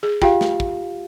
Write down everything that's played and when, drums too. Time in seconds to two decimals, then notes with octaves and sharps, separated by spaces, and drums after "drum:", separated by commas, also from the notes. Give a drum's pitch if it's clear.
0.03 G#4
0.22 F4 G4 F5 G5, drum: kick
0.41 drum: snare
0.60 drum: kick